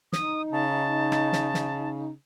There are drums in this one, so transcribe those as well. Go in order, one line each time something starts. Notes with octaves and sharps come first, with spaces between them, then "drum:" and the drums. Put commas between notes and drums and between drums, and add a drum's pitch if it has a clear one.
D#4 D#6, drum: snare
C#3 A5
drum: rim click
drum: snare
drum: snare